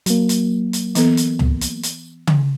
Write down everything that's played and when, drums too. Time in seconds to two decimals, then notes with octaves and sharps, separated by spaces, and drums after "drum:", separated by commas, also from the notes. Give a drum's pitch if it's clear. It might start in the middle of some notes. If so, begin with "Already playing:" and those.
0.06 F#3 A#3, drum: hi-hat
0.29 drum: hi-hat
0.73 drum: hi-hat
0.95 E3 B3 A4, drum: hi-hat
1.17 drum: hi-hat
1.39 drum: tom C#2
1.61 drum: hi-hat
1.83 drum: hi-hat
2.27 drum: tom C#3